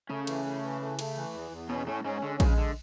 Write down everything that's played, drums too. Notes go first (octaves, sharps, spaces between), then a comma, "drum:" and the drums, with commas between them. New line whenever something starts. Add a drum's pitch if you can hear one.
C#3 A3 C#4
E3, drum: cymbal
A3
E3
A3
A3, drum: cymbal
E3
E2
E2
B2 B3 C#4
A2 A3 C#4
G#2 G#3 C#4
D3 G#3
C#3 G#3, drum: kick A#1, cymbal
D3